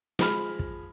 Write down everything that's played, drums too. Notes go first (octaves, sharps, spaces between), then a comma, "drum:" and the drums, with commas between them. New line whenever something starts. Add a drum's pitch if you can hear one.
F3 G#3 B5 F6, drum: snare
drum: kick